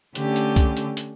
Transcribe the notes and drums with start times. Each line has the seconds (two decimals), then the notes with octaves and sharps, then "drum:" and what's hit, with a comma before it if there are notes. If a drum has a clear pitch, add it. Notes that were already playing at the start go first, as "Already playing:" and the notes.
0.15 D3 A3 C#4 G4, drum: hi-hat
0.36 drum: hi-hat
0.56 drum: kick C2, hi-hat
0.77 drum: hi-hat
0.97 drum: hi-hat